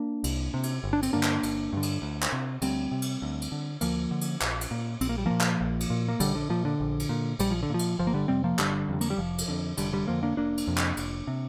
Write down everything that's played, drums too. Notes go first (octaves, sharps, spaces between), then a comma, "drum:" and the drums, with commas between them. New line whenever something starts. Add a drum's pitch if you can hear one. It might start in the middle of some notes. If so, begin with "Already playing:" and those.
Already playing: A#3 D4
C2, drum: cymbal
C3
drum: cymbal
G1
D4
C4, drum: cymbal
G2 D3 A#3 D4
drum: clap
G1, drum: cymbal
G2 D3
drum: cymbal
D2
drum: clap
C3
D2 G3 C4, drum: cymbal
C3
drum: cymbal
D2
drum: cymbal
D3
D2 F3 A#3, drum: cymbal
D3
drum: cymbal
A#1, drum: clap
drum: cymbal
A#2
A#1 C4, drum: cymbal
A#3
G3
A#2 F3 A#3
drum: clap
A#1
drum: cymbal
A#2
A#3
A#1 D3 G3, drum: cymbal
D3
A#2 F3
D3
A#1
drum: cymbal
A#2
A#1 G3, drum: cymbal
F3
D3
A#2 F3
drum: cymbal
G1 F3
A#3
D3 G3
F2 C3 G3 C4
F3 A#3
G1 D3 G3, drum: clap
F2 C3
A#3, drum: cymbal
G3
F1 F3
drum: cymbal
F2 D3
F1 D3 G3, drum: cymbal
D3 G3
F2 D3 F3 A#3
A#3 D4
F1 A#3 D4
drum: cymbal
F2 C3
drum: clap
F1, drum: cymbal
C3